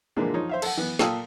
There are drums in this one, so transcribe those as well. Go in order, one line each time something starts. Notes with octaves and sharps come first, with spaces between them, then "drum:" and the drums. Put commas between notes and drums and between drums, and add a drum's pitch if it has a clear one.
A#2 D3 E3 F3 G#3 A#3
F3 D#4 C#5
C5 E5 F5
A4 F#5, drum: cymbal
E3 B3
A#2 F4 A4 G5 D#6, drum: snare